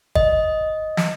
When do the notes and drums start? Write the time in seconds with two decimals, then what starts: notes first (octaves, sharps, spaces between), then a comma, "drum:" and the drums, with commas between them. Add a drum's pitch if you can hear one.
0.15 D#5, drum: kick
0.97 drum: snare